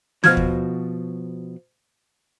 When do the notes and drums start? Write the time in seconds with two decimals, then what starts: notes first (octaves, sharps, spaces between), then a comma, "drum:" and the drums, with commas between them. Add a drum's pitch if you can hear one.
0.24 B2 F3 F#4 F6 G#6, drum: snare
0.37 drum: kick D#2